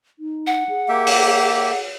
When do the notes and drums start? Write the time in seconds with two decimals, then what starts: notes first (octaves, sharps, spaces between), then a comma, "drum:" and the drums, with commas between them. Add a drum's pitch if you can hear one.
0.19 D#4
0.47 F#5
0.69 G#4
0.89 A#3 G4 E5
1.07 drum: open hi-hat